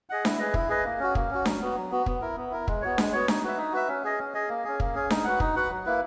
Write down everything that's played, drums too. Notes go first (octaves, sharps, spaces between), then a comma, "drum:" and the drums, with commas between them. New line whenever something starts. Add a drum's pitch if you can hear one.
G#4 D#5 F#5
E4, drum: snare D4
G#4 B4 D#5
E4, drum: kick
G#4 B4 D#5
A#3
C#4 F#4
A#3, drum: kick
C#4 F#4
F#3, drum: snare D4
B3 F#4
F#3
B3 F#4
B3, drum: kick
E4 A#4
B3
E4 A#4
G#3, drum: kick
B3 F#4 C#5
G#3, drum: snare D4
B3 F#4 C#5
D#4, drum: snare D4
F#4 B4 E5
D#4
F#4 B4 E5
C#4
G#4 D#5
C#4
G#4 D#5
A#3
C#4 G#4
A#3, drum: kick
C#4 G#4
D#4, drum: snare D4
F#4 B4 F#5
D#4, drum: kick
F#4 B4 F#5
F#3
A#3 E4 B4